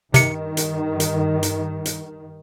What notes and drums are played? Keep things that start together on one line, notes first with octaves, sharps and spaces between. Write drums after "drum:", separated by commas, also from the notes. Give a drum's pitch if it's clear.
G2 C3 D#3 C#7, drum: hi-hat
drum: hi-hat
drum: hi-hat
drum: hi-hat
drum: hi-hat